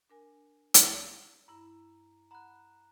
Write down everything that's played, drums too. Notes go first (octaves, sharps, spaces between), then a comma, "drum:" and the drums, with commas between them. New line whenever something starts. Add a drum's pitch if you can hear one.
D4 A#4 G#5
drum: hi-hat
G2 E4 A#5
F#5 A#5 B5 F#6